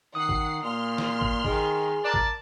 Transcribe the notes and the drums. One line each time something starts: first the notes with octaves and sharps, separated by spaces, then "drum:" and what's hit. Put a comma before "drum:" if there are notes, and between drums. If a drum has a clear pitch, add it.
D#3 F#5 D#6 C7
drum: kick
A#2 C6 F6
drum: snare
drum: kick
D#3 G#4, drum: kick
A#4 D5 A5
drum: kick